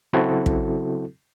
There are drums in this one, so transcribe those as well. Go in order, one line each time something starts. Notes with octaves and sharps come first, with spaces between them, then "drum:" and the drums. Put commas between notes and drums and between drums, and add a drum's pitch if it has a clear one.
C#3 F#3 C4 E4 F#4 A4
drum: kick